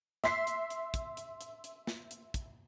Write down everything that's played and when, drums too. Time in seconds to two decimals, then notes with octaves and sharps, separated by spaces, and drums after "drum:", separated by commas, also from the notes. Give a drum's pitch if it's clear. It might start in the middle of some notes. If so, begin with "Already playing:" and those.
0.24 E5 C6 B6 C7, drum: snare
0.47 drum: hi-hat
0.70 drum: hi-hat
0.94 drum: kick, hi-hat
1.17 drum: hi-hat
1.41 drum: hi-hat
1.64 drum: hi-hat
1.87 drum: snare
2.11 drum: hi-hat
2.34 drum: kick, hi-hat